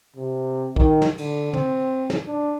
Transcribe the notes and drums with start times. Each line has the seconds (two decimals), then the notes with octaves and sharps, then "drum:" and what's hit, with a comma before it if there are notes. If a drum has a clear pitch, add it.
0.16 C3
0.76 D#3, drum: kick
1.02 drum: snare
1.18 D3, drum: cymbal
1.53 C4, drum: tom
2.10 drum: snare
2.27 D4